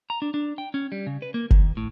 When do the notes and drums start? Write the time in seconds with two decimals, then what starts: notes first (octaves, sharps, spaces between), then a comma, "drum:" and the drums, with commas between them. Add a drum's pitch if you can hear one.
0.10 A#5
0.22 D4
0.34 D4
0.58 G5
0.74 C#4
0.92 G3
1.07 C#3
1.22 B4
1.34 A#3
1.50 D#3, drum: kick F#1
1.77 A2